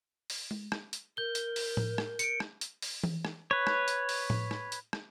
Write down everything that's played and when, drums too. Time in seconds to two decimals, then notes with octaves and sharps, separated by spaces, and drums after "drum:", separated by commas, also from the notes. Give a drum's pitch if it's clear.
0.30 drum: open hi-hat
0.51 drum: tom G#3
0.72 drum: rim click
0.93 drum: hi-hat
1.17 A#4 G6 G7
1.35 drum: hi-hat
1.56 drum: open hi-hat
1.77 drum: tom A2
1.98 drum: rim click
2.19 C#7 D7, drum: hi-hat
2.40 drum: rim click
2.61 drum: hi-hat
2.82 drum: open hi-hat
3.03 drum: tom E3
3.25 drum: rim click
3.51 B4 C#5
3.67 drum: rim click
3.88 drum: hi-hat
4.09 drum: open hi-hat
4.30 drum: tom A2
4.51 drum: rim click
4.72 drum: hi-hat
4.93 drum: rim click